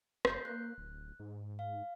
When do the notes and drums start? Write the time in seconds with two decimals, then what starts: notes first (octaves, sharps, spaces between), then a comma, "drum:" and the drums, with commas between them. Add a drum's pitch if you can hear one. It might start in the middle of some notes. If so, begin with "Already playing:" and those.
0.25 F#1 G6 C7, drum: rim click
0.45 A#3 F#6
0.78 D1
1.19 G#2
1.59 F5